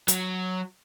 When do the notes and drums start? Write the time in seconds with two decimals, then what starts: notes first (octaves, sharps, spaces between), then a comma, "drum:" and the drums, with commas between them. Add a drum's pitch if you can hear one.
0.08 F#3, drum: hi-hat